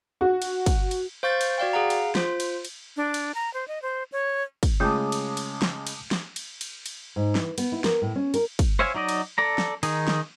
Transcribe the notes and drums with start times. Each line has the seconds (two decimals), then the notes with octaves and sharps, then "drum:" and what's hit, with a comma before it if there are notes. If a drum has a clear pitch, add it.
0.21 F#4
0.42 drum: cymbal
0.66 drum: kick, cymbal
0.91 drum: cymbal
1.23 C5 F5 C#6 G6 A6
1.41 drum: cymbal
1.58 F#4 D5 F5 G5
1.73 G#4 F5 F#5 A#5
1.90 drum: cymbal
2.15 F4 C5, drum: snare
2.40 drum: cymbal
2.65 drum: cymbal
2.97 D4
3.14 drum: cymbal
3.35 A#5
3.54 C5
3.68 D#5
3.82 C5
4.12 C#5
4.63 drum: kick, cymbal
4.80 C#3 G#3 A3 F4 A5 D6 D#6
5.12 drum: cymbal
5.37 drum: cymbal
5.62 drum: snare
5.87 drum: cymbal
6.11 drum: snare
6.36 drum: cymbal
6.61 drum: cymbal
6.86 drum: cymbal
7.16 G#2
7.35 E3, drum: snare
7.58 B3, drum: cymbal
7.72 E4
7.84 A#4, drum: snare
8.02 A2
8.16 C#4
8.34 A#4, drum: cymbal
8.59 drum: kick, cymbal
8.79 C5 C#5 E5 F5 G#5
8.95 F#3 D#4 D5 D#5
9.09 drum: cymbal
9.38 A4 D5 A#5
9.58 drum: snare
9.83 D#3 D#4 G#4, drum: cymbal
10.08 drum: snare